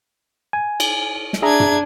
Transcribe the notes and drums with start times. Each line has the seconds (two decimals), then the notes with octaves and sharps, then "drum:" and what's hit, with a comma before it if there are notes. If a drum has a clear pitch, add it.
0.53 G#5
0.80 drum: cymbal
1.33 drum: snare
1.42 D4 G#4 E5 A#5 G#6
1.60 drum: tom